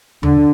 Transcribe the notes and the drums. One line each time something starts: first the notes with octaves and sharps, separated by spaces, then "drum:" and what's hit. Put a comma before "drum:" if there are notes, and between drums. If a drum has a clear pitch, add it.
D3, drum: tom D#2